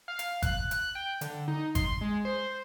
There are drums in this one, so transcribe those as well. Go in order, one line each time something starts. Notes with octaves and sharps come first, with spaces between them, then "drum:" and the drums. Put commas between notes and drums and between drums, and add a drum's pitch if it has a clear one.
F5
drum: hi-hat
F#6, drum: kick G1, hi-hat
drum: hi-hat
G5
D3, drum: hi-hat
D#4
C6, drum: kick G1, hi-hat
G#3
C5